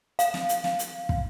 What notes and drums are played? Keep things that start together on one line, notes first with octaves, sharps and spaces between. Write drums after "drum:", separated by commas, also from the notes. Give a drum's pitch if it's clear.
F5, drum: hi-hat
drum: snare
drum: hi-hat
drum: snare
drum: hi-hat
drum: kick